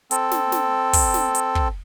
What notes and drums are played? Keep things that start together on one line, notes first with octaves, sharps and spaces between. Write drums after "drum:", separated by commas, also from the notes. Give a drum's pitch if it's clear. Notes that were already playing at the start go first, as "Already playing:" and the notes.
C4 A4, drum: hi-hat
drum: snare
drum: snare
drum: kick, open hi-hat
drum: snare
drum: hi-hat
drum: kick